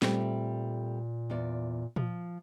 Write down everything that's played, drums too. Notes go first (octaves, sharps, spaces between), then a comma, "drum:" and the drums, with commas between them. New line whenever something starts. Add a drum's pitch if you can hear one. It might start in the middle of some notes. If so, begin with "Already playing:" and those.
A#2 G3 A3 C4, drum: snare
E2 F4 D5
F3, drum: tom A#2